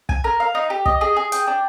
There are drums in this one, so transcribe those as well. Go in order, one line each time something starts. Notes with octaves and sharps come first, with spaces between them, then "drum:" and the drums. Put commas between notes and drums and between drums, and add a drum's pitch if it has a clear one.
G#5, drum: kick
A#4
F5
D#4
G4
D#5, drum: kick
G#4
G#4
G5, drum: hi-hat
D4